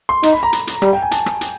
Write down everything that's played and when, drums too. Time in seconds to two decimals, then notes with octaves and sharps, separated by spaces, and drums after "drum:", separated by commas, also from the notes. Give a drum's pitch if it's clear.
0.09 C6
0.23 D#4, drum: hi-hat
0.33 B5
0.43 A#5
0.53 drum: hi-hat
0.67 drum: hi-hat
0.82 G3, drum: rim click
0.93 G5
1.02 G#5
1.11 A5, drum: hi-hat
1.26 drum: rim click
1.41 drum: hi-hat